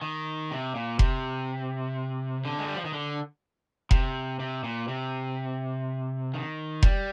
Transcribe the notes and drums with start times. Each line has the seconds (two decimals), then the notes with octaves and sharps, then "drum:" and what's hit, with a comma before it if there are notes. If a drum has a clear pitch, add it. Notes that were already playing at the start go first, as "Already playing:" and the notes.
0.02 D#3
0.51 C3
0.75 A#2
0.99 C3, drum: kick F1
2.45 D3
2.59 G#3
2.67 G3
2.76 F3
2.85 D#3
2.93 D3
3.91 C3, drum: kick F1
4.40 C3
4.64 A#2
4.88 C3
6.34 D#3
6.83 G3, drum: kick F1